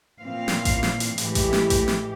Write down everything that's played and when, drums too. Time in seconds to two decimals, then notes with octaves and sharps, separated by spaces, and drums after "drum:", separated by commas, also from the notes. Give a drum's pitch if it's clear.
0.21 A#2 E3 C4 F5
0.48 drum: snare
0.65 drum: kick A1, hi-hat
0.83 drum: snare
1.00 drum: hi-hat
1.18 A2 E3 G#3 G4, drum: hi-hat
1.35 drum: kick A1, hi-hat
1.53 drum: snare
1.70 drum: kick A1, hi-hat
1.88 drum: snare